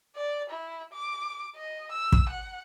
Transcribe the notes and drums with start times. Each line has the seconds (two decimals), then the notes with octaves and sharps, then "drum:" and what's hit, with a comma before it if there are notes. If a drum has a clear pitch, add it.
0.16 D5
0.50 E4
0.93 D6
1.56 D#5
1.91 E6
2.12 drum: kick
2.29 F#5